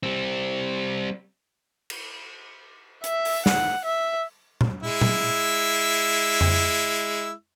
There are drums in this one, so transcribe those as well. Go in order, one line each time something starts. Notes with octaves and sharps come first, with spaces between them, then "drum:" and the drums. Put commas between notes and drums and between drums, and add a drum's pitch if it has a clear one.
G3 C4
drum: cymbal
E5, drum: hi-hat
drum: open hi-hat
F#5, drum: snare
E5
drum: tom A#2
G#3 E4 E6
drum: tom A#2
drum: tom F2